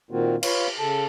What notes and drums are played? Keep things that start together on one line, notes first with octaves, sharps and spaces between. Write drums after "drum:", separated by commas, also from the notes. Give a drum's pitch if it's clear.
A#2 D#3 A#3 C4 F4 F#4
F4 B4 C#5 F5, drum: cymbal
C#3 A4 A5